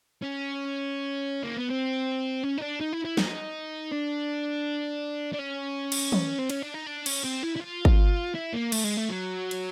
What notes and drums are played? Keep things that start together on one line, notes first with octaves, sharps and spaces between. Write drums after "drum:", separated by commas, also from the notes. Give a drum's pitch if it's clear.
C#4
A#3
B3
C4
C#4
D#4
D4
D#4
E4
E4
D#4, drum: snare
D4
D4
C#4
drum: cymbal
drum: tom
C4
C#4, drum: cymbal
D4
D#4
D4
C#4, drum: cymbal
C4
E4
E4
F4
drum: kick G#1
E4
A#3
A3, drum: cymbal
G#3
A3
F#3
drum: cymbal